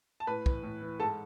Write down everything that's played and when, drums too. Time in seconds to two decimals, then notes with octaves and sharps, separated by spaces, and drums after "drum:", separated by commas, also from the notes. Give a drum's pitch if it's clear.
0.20 A5
0.27 A2 B4 B5
0.46 E3, drum: kick
0.63 A2
0.82 E3
1.00 G#2 A4 A5